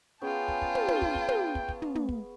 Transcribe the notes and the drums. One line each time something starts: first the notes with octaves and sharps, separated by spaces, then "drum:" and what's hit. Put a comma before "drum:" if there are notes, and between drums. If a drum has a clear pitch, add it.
B3 C#4 F4 G#4 G5 A5
drum: kick
drum: kick
drum: tom
drum: tom
drum: kick
drum: kick
drum: tom
drum: kick
drum: kick
drum: tom
drum: tom
drum: kick